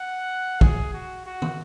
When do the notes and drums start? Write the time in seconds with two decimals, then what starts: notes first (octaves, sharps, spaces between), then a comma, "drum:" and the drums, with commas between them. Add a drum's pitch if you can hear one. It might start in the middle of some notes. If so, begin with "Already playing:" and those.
Already playing: F#5
0.61 G#4, drum: kick
0.94 F#4
1.26 F#4
1.42 drum: tom